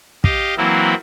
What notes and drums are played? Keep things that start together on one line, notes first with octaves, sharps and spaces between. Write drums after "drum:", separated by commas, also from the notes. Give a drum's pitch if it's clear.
G4 D#5 F5, drum: kick
E3 F#3 A#3 C4 E4